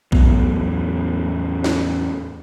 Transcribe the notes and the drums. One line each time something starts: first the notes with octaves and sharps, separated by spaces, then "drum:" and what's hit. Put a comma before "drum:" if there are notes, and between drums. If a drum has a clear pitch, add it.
E2 A2 F#3 B3, drum: kick A#1
drum: snare